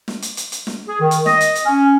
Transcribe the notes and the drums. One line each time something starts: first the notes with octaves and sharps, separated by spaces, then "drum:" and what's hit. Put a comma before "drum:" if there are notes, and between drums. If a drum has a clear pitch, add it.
drum: snare
drum: hi-hat
drum: hi-hat
drum: hi-hat
drum: snare
G#4
D#3
drum: hi-hat
D#5, drum: snare
drum: hi-hat
drum: hi-hat
C#4